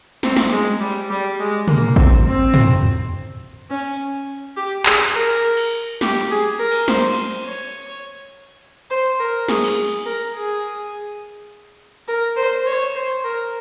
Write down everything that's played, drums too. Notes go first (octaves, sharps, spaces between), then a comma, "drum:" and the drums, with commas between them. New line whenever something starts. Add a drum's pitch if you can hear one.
C4, drum: snare
drum: snare
G#3
G3
G3
G#3
A#3, drum: tom
C4, drum: kick A1
C4
drum: tom
C#4
G4
G#4, drum: clap
A#4
drum: cymbal
G4, drum: snare
G#4
A#4
drum: cymbal
C5, drum: snare
drum: cymbal
C#5
C5
A#4
G#4, drum: snare
drum: cymbal
A#4
G#4
A#4
C5
C#5
C5
A#4